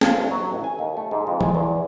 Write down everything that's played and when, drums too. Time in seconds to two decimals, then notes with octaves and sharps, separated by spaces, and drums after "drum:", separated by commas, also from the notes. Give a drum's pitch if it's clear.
0.01 F3, drum: snare
0.17 G1
0.31 F#3
0.52 A1
0.64 G#5
0.79 D#2
0.97 A3
1.11 G#2
1.27 F2
1.41 G#3, drum: tom E3
1.55 E2